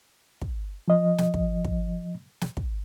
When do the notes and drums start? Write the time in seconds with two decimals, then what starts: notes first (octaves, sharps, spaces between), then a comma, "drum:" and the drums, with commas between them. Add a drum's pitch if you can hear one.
0.41 drum: kick
0.88 F3 D#5
1.18 drum: snare
1.34 drum: kick
1.65 drum: kick
2.41 drum: snare
2.57 drum: kick